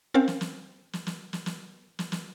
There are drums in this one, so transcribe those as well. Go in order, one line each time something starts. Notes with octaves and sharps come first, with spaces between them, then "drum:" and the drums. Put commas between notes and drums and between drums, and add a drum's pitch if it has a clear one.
C4 C#4 A#4 C5 F5
drum: snare
drum: snare
drum: snare
drum: snare
drum: snare
drum: snare
drum: snare
drum: snare